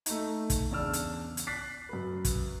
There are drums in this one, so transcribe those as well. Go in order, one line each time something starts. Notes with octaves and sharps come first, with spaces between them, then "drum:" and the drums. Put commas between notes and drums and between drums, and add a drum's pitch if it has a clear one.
A3 D#4, drum: hi-hat
drum: kick, hi-hat
E2 C#3 D4 D5 E6 F6
drum: hi-hat
drum: hi-hat
F#6 A6 B6 C7
F#2 B4
drum: kick, hi-hat